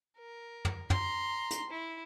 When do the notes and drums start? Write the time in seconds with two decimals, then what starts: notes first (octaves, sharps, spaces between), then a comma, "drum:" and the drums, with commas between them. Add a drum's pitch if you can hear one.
0.18 A#4
0.65 drum: tom
0.90 A#5 C6, drum: tom
1.51 drum: hi-hat
1.70 E4